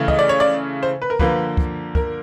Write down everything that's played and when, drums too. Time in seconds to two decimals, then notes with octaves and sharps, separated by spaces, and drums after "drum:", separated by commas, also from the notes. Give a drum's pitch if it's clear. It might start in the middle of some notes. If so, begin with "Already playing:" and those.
Already playing: C#3 E3 A3
0.08 D#5, drum: kick
0.19 D5
0.29 C#5
0.40 D5
0.83 C5
1.02 B4
1.10 A#4
1.19 D3 F3 A#3 B4, drum: kick
1.57 drum: kick
1.95 A#4, drum: kick